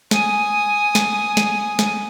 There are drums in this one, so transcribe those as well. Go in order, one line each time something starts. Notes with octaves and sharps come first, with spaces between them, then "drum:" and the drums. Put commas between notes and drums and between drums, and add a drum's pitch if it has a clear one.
G#5 D#6, drum: snare
drum: snare
drum: snare
drum: snare